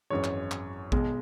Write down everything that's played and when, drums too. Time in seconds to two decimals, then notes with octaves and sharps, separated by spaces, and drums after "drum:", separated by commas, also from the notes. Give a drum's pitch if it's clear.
0.10 G#1 F#2 E3 G#3 C#5
0.24 drum: clap
0.51 drum: clap
0.92 B1 B2 G#3, drum: kick A1